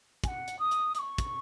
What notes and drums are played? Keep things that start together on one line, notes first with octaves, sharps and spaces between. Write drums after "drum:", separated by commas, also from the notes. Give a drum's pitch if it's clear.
G#5, drum: kick, hi-hat
F#5
drum: hi-hat
D#6
drum: hi-hat
D#6, drum: hi-hat
C#6
drum: kick, hi-hat